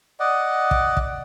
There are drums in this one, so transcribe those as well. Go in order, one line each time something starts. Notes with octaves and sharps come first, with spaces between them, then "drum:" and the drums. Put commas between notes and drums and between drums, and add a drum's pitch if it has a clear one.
D5 D#5 F#5
drum: kick
drum: kick